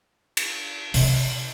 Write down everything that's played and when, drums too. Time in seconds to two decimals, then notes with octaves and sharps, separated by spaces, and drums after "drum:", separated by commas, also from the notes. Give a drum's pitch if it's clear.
0.37 drum: cymbal
0.94 C3, drum: open hi-hat